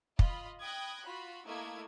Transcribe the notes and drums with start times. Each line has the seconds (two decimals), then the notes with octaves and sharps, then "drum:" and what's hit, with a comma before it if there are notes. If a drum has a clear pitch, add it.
0.19 F4 D#5 B5, drum: kick
0.62 G5 B5 D#6 F#6 G#6 A#6
1.05 F4 F#4 B5
1.47 A3 A#3 E4 D#5 G#6